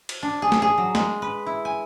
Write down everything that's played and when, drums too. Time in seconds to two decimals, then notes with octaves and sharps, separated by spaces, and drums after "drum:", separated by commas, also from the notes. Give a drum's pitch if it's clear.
0.09 drum: cymbal
0.23 D4
0.42 G#4
0.52 drum: snare
0.62 G#4
0.78 F#3
0.95 G#3, drum: snare
1.22 B4
1.46 E4
1.65 G#5